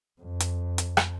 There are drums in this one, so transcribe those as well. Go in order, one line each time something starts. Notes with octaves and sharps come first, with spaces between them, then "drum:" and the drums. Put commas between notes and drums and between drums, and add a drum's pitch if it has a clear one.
F2
drum: hi-hat
drum: hi-hat
drum: rim click